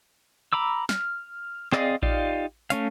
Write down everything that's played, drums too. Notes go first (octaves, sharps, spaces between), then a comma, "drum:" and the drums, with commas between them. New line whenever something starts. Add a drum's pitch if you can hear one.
A#5 B5 D6 E6
F6, drum: snare
C4 G#4 D5 D#5 F5, drum: clap
D#4 F4 G4 D5 F5, drum: kick A1
A3 C#4 F5, drum: hi-hat